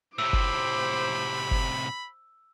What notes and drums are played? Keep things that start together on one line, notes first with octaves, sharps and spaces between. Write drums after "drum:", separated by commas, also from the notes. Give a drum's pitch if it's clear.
A2 C3 C5 B5 D6 E6
drum: kick F#1
drum: kick F#1